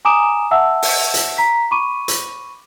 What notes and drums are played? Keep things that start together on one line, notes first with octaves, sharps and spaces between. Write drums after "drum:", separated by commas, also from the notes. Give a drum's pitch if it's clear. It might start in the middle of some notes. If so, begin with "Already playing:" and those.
G#5 A#5 D6 D#6 D7 E7
E5 F#5 A5 E6
drum: open hi-hat
drum: hi-hat
A#5 B6
B5 C#6 D6 D#7
drum: hi-hat